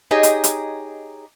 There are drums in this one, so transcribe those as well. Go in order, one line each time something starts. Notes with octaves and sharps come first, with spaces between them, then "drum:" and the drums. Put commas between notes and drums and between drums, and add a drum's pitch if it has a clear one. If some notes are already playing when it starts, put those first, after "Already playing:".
D#4 G4 G#4 C#5 D#5
drum: hi-hat
drum: hi-hat